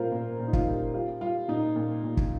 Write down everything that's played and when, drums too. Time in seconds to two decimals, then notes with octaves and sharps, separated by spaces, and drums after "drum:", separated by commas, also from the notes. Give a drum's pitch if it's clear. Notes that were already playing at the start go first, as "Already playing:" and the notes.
Already playing: A#2 G3 F4 A#4 C5
0.11 A#2
0.39 A#2
0.48 D#4
0.53 F4, drum: kick
0.67 G3
0.94 G3 F4
1.21 G3 F4
1.48 A#2 D#4
1.76 A#2
2.03 A#2
2.17 drum: kick